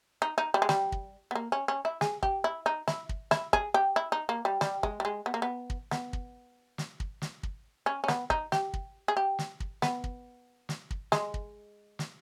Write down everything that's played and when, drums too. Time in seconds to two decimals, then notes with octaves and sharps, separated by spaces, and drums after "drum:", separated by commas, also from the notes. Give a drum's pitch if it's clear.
0.22 D#4
0.38 D#4
0.54 G3
0.62 G#3
0.69 G3, drum: snare
0.92 drum: kick
1.31 B3
1.35 A#3
1.52 C#4
1.68 C#4
1.85 E4
2.01 G#4, drum: snare
2.23 G4, drum: kick
2.44 E4
2.66 D#4
2.88 E4, drum: snare
3.09 drum: kick
3.31 E4, drum: snare
3.53 G#4, drum: kick
3.74 G4
3.96 E4
4.12 D#4
4.29 A#3
4.45 G3
4.61 G3, drum: snare
4.83 G#3, drum: kick
5.00 G3
5.05 G#3
5.26 B3
5.34 A#3
5.42 B3
5.70 drum: kick
5.91 B3, drum: snare
6.13 drum: kick
6.78 drum: snare
7.00 drum: kick
7.22 drum: snare
7.43 drum: kick
7.86 C#4
8.04 C#4
8.08 B3, drum: snare
8.30 D#4, drum: kick
8.52 G4, drum: snare
8.74 drum: kick
9.08 G#4
9.17 G4
9.39 drum: snare
9.60 drum: kick
9.82 B3, drum: snare
10.04 drum: kick
10.69 drum: snare
10.91 drum: kick
11.12 G#3, drum: snare
11.34 drum: kick
11.99 drum: snare